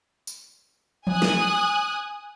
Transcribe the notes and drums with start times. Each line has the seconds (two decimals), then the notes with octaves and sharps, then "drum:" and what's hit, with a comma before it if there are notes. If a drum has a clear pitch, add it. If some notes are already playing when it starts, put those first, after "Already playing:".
0.27 drum: tambourine
1.07 G#5 D#6 F#6, drum: tom E3
1.22 drum: snare